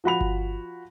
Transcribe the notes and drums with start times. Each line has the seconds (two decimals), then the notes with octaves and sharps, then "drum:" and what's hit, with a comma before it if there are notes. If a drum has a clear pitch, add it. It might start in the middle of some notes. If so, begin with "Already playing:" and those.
0.04 F3 F#4 B5 F7
0.21 drum: kick G1